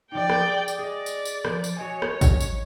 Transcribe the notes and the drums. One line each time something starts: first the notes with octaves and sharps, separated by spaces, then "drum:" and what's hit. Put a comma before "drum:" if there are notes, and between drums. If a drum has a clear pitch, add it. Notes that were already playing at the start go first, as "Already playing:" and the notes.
F3 D#4 D5 G5
drum: rim click
G#4
drum: tambourine
G#4 D5 D#5
drum: tambourine
drum: tambourine
F3, drum: rim click
drum: tambourine
F#4 C#5 D#5 G#5
drum: rim click
drum: kick, tambourine
drum: tambourine